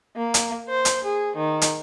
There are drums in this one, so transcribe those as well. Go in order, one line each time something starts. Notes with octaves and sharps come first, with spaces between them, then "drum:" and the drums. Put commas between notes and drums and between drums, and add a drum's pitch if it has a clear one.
A#3
drum: hi-hat
C5
drum: hi-hat
G#4
D#3
drum: hi-hat